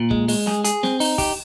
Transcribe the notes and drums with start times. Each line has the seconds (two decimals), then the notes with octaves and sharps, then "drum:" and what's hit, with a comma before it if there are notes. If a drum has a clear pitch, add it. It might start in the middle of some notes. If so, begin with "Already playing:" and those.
Already playing: A#2
0.11 G#3, drum: kick
0.28 G#3, drum: open hi-hat
0.47 G#4, drum: snare
0.64 G#4, drum: hi-hat
0.83 C4, drum: snare
1.00 D#4, drum: open hi-hat
1.18 G4, drum: kick, open hi-hat